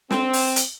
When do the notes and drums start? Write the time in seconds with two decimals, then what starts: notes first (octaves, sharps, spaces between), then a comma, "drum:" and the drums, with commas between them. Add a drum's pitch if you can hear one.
0.11 C4, drum: snare
0.33 drum: open hi-hat
0.56 drum: hi-hat